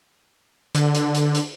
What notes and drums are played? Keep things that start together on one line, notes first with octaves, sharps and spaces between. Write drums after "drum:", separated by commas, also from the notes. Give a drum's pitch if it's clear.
D3, drum: hi-hat
drum: hi-hat
drum: hi-hat
drum: hi-hat